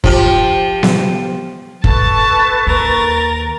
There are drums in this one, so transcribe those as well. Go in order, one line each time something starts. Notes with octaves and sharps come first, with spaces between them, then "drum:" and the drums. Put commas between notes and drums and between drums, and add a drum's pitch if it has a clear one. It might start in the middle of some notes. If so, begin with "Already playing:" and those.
F3 G4, drum: kick
drum: snare B3
A4 B4 A5 C#6 A6, drum: kick
D#2 A#4 A6